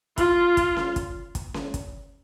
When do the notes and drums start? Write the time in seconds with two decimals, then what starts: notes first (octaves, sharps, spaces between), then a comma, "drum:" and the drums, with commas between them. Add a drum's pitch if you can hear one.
0.18 F4, drum: kick, hi-hat
0.57 drum: kick, hi-hat
0.77 drum: snare C#4
0.96 drum: kick, hi-hat
1.35 drum: kick, hi-hat
1.54 drum: snare C#4
1.74 drum: kick, hi-hat